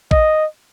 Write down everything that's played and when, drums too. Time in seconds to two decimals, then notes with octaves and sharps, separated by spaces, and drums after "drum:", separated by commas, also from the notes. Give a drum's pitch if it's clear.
0.11 D#5, drum: kick A#1